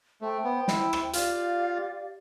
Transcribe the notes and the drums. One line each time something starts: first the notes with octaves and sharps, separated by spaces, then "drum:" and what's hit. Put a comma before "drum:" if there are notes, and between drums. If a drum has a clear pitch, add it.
A3 C5 G5 C6
B3
E4, drum: snare
drum: rim click
F4 G4 D5 F5, drum: hi-hat